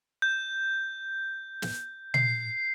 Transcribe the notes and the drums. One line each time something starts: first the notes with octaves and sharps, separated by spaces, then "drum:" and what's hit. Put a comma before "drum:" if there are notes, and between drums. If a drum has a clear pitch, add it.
G6
drum: snare
C7, drum: tom A#2